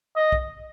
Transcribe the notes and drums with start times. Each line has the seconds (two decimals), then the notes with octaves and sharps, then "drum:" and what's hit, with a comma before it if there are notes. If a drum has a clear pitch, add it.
0.16 D#5
0.32 drum: kick